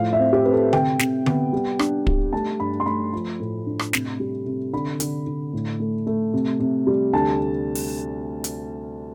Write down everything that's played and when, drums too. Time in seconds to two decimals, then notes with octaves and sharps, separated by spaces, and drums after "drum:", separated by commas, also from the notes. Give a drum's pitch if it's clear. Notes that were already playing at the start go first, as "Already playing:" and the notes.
Already playing: A2 F3 F5
0.13 E5
0.19 C4
0.33 G4
0.45 C4 B4
0.53 A4
0.73 C3 G5, drum: tom D3
0.99 C3, drum: snare
1.26 B3, drum: tom D3
1.53 G3
1.79 D4, drum: rim click
2.07 G3, drum: kick
2.33 A3 A5
2.60 G2 B5
2.80 C6
2.86 A3 B5
3.13 F3 B5
3.40 A2
3.66 D4
3.79 drum: rim click
3.93 C3, drum: snare
4.20 G3
4.46 C3
4.73 D3 B5
5.00 D3, drum: hi-hat
5.27 D3
5.53 A2
5.80 A3
6.07 A3
6.33 C3
6.60 C3
6.87 G3
7.13 D2 A5
7.75 drum: open hi-hat
8.44 drum: hi-hat